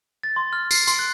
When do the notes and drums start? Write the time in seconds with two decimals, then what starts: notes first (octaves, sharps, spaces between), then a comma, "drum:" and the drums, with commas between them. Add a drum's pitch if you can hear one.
0.23 A6
0.36 C6
0.53 F6
0.71 C7, drum: tambourine
0.87 C6, drum: tambourine
0.99 F#6